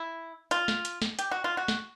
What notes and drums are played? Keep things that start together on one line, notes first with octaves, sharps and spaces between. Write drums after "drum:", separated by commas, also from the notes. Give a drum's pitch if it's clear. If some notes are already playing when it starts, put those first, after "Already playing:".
Already playing: E4
F4, drum: hi-hat
drum: snare
drum: hi-hat
drum: snare
G4, drum: hi-hat
F#4
F4
F#4
drum: snare